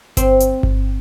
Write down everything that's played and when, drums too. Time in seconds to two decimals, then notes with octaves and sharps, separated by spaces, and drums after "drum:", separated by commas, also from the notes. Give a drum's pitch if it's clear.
0.17 C4, drum: kick G1, hi-hat
0.40 drum: hi-hat
0.63 drum: kick G1